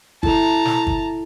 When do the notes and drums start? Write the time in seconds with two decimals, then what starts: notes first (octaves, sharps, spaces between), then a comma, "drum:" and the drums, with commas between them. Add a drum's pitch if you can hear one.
0.23 E4 A4 A5 A#5, drum: kick
0.65 drum: snare
0.87 drum: kick